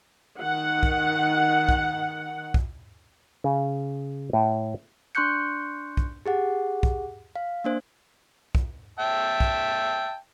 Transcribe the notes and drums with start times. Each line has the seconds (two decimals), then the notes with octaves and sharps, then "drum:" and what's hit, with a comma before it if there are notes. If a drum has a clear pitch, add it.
0.40 D#3 F#5
0.83 drum: kick
1.69 drum: kick
2.54 drum: kick
3.44 C#3
4.33 A2
5.15 D4 C6 C#6 F#6 G6 C#7
5.97 drum: kick
6.26 G4 G#4 F#5
6.83 drum: kick
7.36 F5
7.64 A#3 D4 C5
8.55 drum: kick
8.99 E5 G5 A5
9.40 drum: kick